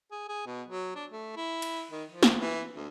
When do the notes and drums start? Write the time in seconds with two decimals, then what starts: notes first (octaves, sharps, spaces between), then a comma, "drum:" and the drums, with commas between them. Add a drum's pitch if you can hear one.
0.12 G#4
0.29 G#4
0.46 B2
0.68 F#3
0.95 D4
1.10 A3
1.37 E4
1.62 drum: cymbal
1.92 D#3
2.10 F3
2.23 drum: snare
2.40 E3
2.76 D2